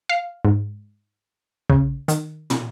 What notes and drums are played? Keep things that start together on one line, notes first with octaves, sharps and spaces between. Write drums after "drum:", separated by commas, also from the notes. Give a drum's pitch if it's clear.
F5
G#2
C#3, drum: kick
D#3, drum: hi-hat
drum: tom